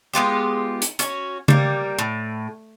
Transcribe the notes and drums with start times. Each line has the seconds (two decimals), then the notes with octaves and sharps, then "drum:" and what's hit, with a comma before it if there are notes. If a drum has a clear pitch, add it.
0.14 G#3 B3 F4 G4
0.82 drum: hi-hat
0.99 C#4 F#4 C#5, drum: hi-hat
1.48 G3 A#3, drum: tom C#3
1.99 A2